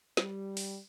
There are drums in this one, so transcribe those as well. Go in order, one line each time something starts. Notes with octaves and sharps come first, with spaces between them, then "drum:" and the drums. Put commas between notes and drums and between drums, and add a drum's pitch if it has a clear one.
G3, drum: snare
drum: open hi-hat